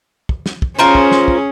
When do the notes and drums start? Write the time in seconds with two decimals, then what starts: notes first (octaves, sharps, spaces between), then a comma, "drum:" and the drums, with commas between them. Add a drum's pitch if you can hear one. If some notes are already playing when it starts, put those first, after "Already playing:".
0.29 drum: kick
0.46 drum: snare
0.62 drum: kick
0.79 C#4 F4 G#4 A#4 C5
0.95 drum: kick
1.11 drum: snare
1.28 drum: kick